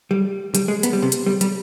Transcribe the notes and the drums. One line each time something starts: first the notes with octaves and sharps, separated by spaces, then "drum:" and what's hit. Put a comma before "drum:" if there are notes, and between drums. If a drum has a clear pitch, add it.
G3
G3, drum: hi-hat
G#3
B3, drum: hi-hat
G3
C3
drum: hi-hat
G3
G3, drum: hi-hat